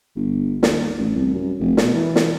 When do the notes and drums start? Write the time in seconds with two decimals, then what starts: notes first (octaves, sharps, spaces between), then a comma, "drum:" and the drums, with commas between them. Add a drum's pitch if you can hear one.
0.15 G1
0.63 D#2, drum: snare
0.99 A1
1.15 C2
1.33 F#2
1.59 F1
1.77 B2, drum: snare
1.94 E3
2.16 drum: snare